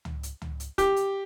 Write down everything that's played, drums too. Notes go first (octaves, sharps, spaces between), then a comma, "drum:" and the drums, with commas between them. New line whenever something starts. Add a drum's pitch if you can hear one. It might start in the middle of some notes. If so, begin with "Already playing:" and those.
drum: tom C#2
drum: hi-hat
drum: tom C#2
drum: hi-hat
G4, drum: kick, hi-hat
drum: hi-hat